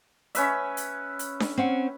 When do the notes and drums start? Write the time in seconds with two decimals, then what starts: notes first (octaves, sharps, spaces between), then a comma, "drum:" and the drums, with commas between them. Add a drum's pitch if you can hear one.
0.35 C#4 B4 E5, drum: hi-hat
0.77 drum: hi-hat
1.19 drum: hi-hat
1.40 drum: snare D4
1.57 C4 C#4 F#5